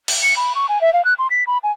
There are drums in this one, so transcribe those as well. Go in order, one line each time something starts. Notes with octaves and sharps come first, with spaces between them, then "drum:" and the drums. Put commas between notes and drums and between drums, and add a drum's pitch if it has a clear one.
drum: cymbal
C#7
B5
C#6
G#5
E5
F5
F#6
C6
B6
B5
G#5